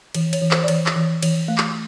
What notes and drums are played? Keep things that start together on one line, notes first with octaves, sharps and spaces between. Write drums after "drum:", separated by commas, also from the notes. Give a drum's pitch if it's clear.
E3 C#5, drum: cymbal
C#5, drum: cymbal
E3
C5, drum: clap
D5
E3 C#5, drum: cymbal
drum: clap
E3
E3, drum: cymbal
A3
drum: clap